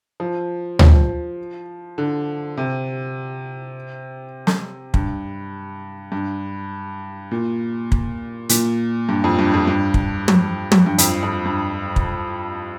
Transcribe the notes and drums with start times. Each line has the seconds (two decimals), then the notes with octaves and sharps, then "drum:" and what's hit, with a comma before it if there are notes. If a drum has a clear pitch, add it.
0.20 F3
0.79 F3, drum: tom D2
1.98 D3
2.57 C3
4.47 drum: snare
4.94 G2, drum: kick
6.12 G2
7.31 A#2
7.92 drum: kick
8.49 A#2, drum: hi-hat
9.09 G2
9.24 F2
9.39 G2
9.54 F2
9.67 G2
9.94 drum: kick
10.28 drum: tom
10.72 drum: tom
10.86 G2
10.98 F2, drum: hi-hat
11.23 F2
11.46 G2
11.96 drum: kick